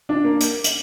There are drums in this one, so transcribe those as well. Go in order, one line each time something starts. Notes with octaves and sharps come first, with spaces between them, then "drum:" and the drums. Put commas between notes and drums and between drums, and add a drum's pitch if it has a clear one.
D4
A#3
drum: hi-hat
drum: hi-hat